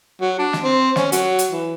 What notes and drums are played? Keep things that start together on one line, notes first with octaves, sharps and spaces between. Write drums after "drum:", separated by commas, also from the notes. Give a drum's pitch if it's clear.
F#3
D4
drum: snare
C4
C#4, drum: snare
F#3, drum: hi-hat
drum: hi-hat
E3